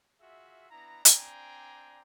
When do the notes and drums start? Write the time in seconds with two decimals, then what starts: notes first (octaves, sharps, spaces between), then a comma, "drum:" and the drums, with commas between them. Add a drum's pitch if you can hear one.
0.21 F4 F#4 G#4 E5
0.70 B3 D4 E4 A#5
1.05 C4 D4 D5 G5 G#5 A#5, drum: hi-hat